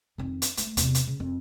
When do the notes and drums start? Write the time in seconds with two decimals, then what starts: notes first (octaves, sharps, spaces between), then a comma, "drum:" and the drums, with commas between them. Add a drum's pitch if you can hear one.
0.18 F2 D#3
0.42 drum: hi-hat
0.57 A3, drum: hi-hat
0.77 E2 C3, drum: hi-hat
0.95 drum: hi-hat
1.07 C#3
1.20 F2